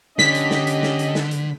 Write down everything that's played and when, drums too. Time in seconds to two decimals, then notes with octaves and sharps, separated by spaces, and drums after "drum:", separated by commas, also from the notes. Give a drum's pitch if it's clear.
0.19 D3 C#4 G4 D#5 B6, drum: snare
0.35 drum: hi-hat
0.51 drum: snare
0.67 drum: hi-hat
0.83 drum: snare
0.99 drum: hi-hat
1.15 drum: snare
1.31 drum: hi-hat